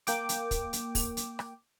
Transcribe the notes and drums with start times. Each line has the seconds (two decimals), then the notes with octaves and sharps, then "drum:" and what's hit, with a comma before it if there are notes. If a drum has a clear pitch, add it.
0.07 A#3 G5 D6, drum: hi-hat
0.29 drum: hi-hat
0.51 drum: kick, hi-hat
0.73 drum: hi-hat
0.95 drum: kick, open hi-hat
1.17 drum: hi-hat
1.39 drum: rim click